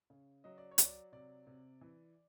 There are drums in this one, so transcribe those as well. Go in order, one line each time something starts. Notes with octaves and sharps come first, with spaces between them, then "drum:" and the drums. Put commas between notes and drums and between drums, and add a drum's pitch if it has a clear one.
C#3
F#3 D#5
D5
C#5
F#3, drum: hi-hat
D5
C3 D5
C3
E3